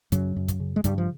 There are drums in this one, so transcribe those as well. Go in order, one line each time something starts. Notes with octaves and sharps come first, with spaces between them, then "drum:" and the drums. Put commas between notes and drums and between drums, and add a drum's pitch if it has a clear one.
F#2 C#3 F#3, drum: kick, hi-hat
F#2
drum: kick, hi-hat
C#3
G#3
G2 C#3 G3, drum: kick, hi-hat
F3